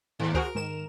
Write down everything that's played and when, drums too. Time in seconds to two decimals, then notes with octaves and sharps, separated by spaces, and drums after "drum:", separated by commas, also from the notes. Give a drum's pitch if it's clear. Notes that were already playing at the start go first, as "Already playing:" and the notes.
0.20 D#2 A2
0.35 F#4 G#4 A#4 C5, drum: kick C#2
0.55 G#2 D#3 E7